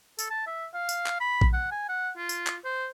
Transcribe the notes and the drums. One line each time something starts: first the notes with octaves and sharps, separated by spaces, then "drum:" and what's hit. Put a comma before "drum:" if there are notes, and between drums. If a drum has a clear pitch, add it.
A4, drum: tambourine
A5
E5
F5
drum: tambourine
drum: clap
B5
drum: kick A#1
F#5
G#5
F#5
F4
drum: tambourine
drum: clap
C5